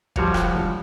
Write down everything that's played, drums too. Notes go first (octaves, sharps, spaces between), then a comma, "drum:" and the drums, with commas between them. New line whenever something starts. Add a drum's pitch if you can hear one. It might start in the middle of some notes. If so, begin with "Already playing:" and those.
F3 G3 F#4 C#5 F5, drum: kick
drum: rim click